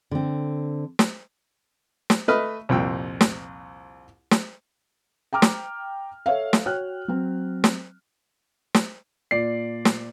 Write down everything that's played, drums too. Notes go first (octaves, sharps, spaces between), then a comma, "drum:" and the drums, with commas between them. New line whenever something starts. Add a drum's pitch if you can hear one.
D3 C4
drum: snare
drum: snare
A3 B4 D#5 F6
C2 F2 A#2 G5 E6
drum: snare
drum: snare
G5 A#5 D6 F6
drum: snare
A4 C#5 E5 F5
drum: snare
F#4 C#5 G5 F6 F#6
F#3 C4
drum: snare
drum: snare
A#2 D5 C7
drum: snare